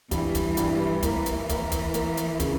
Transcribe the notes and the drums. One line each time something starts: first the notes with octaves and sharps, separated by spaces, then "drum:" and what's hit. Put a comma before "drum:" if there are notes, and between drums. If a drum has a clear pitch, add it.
G2 E3, drum: kick, hi-hat
drum: kick, hi-hat
G2, drum: hi-hat
E3 A#3, drum: kick, hi-hat
drum: hi-hat
A#3, drum: kick, hi-hat
drum: kick, hi-hat
A#3, drum: hi-hat
drum: hi-hat
C#3, drum: kick, hi-hat